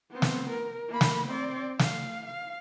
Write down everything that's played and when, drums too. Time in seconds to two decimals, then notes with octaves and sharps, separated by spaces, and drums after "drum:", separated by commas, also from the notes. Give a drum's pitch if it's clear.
0.11 B3 C4
0.22 drum: snare
0.50 A#4
0.89 A#3 B5
1.01 drum: snare
1.27 C4 D5
1.79 F5, drum: snare
2.26 F5